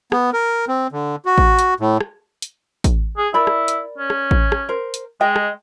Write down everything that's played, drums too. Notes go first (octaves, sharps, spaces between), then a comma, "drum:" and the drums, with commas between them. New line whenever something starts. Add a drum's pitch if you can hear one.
B3, drum: rim click
A#4
C4
D3
F#4
drum: kick A1
drum: hi-hat
A2
drum: rim click
drum: hi-hat
drum: kick A1, hi-hat
G#4
E4 A#4 D5 B5
drum: rim click
drum: hi-hat
C#4
drum: rim click
drum: kick A1
drum: rim click
A#4 C5
drum: hi-hat
G#3 D#5 G5
drum: rim click